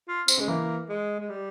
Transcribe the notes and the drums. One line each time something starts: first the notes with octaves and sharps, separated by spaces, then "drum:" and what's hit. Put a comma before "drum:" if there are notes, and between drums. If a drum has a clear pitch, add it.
F4
C4, drum: tambourine
C#3 G#3
E3 A#3
G#3
G#3
G3